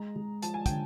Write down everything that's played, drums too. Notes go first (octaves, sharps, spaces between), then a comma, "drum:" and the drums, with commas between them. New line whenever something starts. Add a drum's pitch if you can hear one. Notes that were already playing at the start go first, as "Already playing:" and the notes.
Already playing: G#3 A#5
G#3
F3 A5, drum: hi-hat
G#5
D3 G5, drum: kick, hi-hat